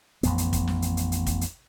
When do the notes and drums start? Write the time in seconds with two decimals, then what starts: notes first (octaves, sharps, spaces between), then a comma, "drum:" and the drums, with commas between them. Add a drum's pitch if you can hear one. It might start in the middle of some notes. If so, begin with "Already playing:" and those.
0.23 A1 F2 B3, drum: hi-hat
0.38 drum: hi-hat
0.53 drum: kick, hi-hat
0.67 drum: snare
0.82 drum: hi-hat
0.97 drum: hi-hat
1.12 drum: hi-hat
1.27 drum: kick, hi-hat
1.41 drum: hi-hat